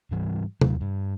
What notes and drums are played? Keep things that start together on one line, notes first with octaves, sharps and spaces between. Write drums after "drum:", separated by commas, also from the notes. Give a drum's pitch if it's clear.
G#2 E3 G3
D#2 F#3, drum: tom
G2